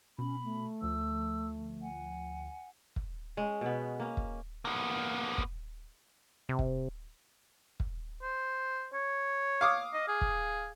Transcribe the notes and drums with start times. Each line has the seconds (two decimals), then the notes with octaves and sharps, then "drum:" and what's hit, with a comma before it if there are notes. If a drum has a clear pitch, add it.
0.18 B2 C#4 B5
0.43 A3
0.82 D2 F3 E6
1.82 F#5 G#5
2.96 drum: kick
3.37 G#3 C#4
3.61 B2 B3
4.00 A#3 C#4
4.17 drum: kick
4.65 A#3 B3
5.38 drum: kick
6.49 C3
6.59 drum: kick
7.80 drum: kick
8.23 C5
8.93 C#5
9.61 F5 D6 D#6
9.93 D#5
10.08 G#4
10.21 drum: kick